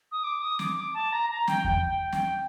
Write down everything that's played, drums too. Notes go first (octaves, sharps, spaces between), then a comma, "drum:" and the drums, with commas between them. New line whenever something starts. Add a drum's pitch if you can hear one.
D#6
D6
D#6
D6, drum: snare
D6
A5
A#5
A#5
G5, drum: snare
G5, drum: kick E2
G5
G5, drum: snare